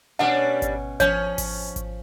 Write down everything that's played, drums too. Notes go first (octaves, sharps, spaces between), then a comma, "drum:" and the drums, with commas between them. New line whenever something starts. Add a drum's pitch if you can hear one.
B2 G3 C#4 D4 F#5
drum: kick G#1, hi-hat
F3 C#4 C#5, drum: kick G#1, hi-hat
drum: kick G#1, open hi-hat
drum: kick G#1, hi-hat